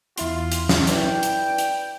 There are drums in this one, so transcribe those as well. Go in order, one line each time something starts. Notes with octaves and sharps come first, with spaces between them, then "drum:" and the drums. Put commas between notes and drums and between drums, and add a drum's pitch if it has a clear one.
E2 E4 F4 C6, drum: hi-hat
drum: hi-hat
drum: snare
E4 B4 D5 G5, drum: hi-hat
drum: hi-hat
drum: hi-hat